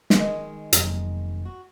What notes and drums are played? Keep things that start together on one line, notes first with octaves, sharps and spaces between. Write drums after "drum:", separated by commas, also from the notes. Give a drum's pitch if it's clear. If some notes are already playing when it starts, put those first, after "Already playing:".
D#3 G#3, drum: snare
F1 F#3 A#3, drum: hi-hat
F#4